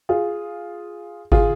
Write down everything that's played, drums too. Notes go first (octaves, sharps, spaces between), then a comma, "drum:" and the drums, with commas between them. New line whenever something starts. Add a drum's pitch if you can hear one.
F4 G#4
F4 G#4, drum: kick G1